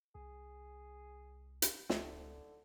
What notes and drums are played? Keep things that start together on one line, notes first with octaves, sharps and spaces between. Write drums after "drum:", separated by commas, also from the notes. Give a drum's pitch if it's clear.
C2 G#4
drum: hi-hat
C#2 D3 D#4 G4 E5, drum: snare